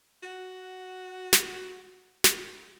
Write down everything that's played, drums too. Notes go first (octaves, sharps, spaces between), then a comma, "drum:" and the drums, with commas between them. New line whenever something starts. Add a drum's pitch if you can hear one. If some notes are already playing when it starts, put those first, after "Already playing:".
F#4 F#5
drum: snare
drum: snare